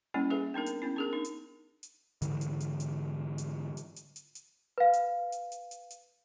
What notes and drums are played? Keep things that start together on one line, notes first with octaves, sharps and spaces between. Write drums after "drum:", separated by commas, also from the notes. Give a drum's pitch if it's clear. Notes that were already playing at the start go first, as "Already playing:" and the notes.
G3 A#3 C#4 E4
G#4 A4 B4 E5
B3 D4 D#4 A#4
drum: hi-hat
B3 C#4 E4
D4 G#4 A#4
D#4
drum: hi-hat
drum: hi-hat
G#2 D3 E3, drum: hi-hat
drum: hi-hat
drum: hi-hat
drum: hi-hat
drum: hi-hat
drum: hi-hat
drum: hi-hat
drum: hi-hat
drum: hi-hat
B4 F5
drum: hi-hat
drum: hi-hat
drum: hi-hat
drum: hi-hat
drum: hi-hat